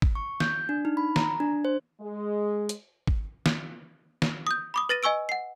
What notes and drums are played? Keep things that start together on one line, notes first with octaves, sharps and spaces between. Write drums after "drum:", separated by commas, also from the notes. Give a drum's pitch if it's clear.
drum: kick G#1
C#6
G6, drum: snare
D4
D#4
B5
A#5, drum: snare
D4
C5
G#3
drum: hi-hat
drum: kick G#1
drum: snare
drum: snare
D#6 G6
B5 D6 D#6
B4 A6 A#6 D#7
D#5 G#5 C#6 E6 D7
F#5 C7